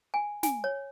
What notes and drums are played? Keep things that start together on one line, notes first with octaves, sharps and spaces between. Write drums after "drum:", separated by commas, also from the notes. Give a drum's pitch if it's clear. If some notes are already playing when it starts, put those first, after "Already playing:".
G#5
G#5, drum: snare
C#5